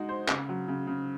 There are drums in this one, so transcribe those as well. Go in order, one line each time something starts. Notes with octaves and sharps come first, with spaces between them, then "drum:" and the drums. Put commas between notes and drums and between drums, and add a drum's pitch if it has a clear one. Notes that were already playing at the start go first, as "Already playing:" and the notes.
Already playing: G#3 D#4 F#4
C5
C#3, drum: clap
F#3
C#3
C#3